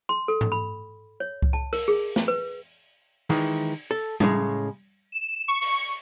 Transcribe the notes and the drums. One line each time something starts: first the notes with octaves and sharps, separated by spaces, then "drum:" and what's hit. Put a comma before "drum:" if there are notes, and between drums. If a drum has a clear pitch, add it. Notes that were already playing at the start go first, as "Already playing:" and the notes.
C6
A4
drum: tom G#2
B5
C#5
drum: kick C2
A5
A#4, drum: open hi-hat
G#4
drum: snare
B4
D#3 E3 G#3, drum: open hi-hat
A4
A2 C#3 G#3, drum: tom G3
E7
C#6
drum: open hi-hat